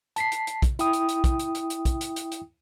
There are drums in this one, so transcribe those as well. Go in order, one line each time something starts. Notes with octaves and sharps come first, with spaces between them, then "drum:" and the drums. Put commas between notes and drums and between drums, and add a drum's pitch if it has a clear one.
A5 B6 C7, drum: hi-hat
drum: hi-hat
drum: hi-hat
drum: kick, hi-hat
E4 G5 D#6, drum: hi-hat
drum: hi-hat
drum: hi-hat
drum: kick, hi-hat
drum: hi-hat
drum: hi-hat
drum: hi-hat
drum: kick, hi-hat
drum: hi-hat
drum: hi-hat
drum: hi-hat